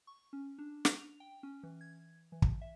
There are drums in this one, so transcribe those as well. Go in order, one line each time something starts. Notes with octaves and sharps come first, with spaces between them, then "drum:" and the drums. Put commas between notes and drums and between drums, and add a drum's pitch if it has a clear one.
C#6
C#4
D4
F7, drum: snare
G5
C#4
E3
G#6
E3
drum: kick
E5